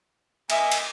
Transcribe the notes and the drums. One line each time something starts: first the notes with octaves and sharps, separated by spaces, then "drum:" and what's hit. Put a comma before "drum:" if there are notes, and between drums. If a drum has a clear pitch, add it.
A#3 D#5 E5 G#5, drum: cymbal
drum: cymbal